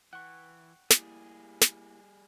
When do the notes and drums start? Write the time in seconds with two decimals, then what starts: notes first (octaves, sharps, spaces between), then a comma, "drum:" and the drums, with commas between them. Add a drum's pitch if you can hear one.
0.13 E3 F#5 G5 C#6
0.90 G3 A#3 E4 G4 G#4, drum: snare
1.61 drum: snare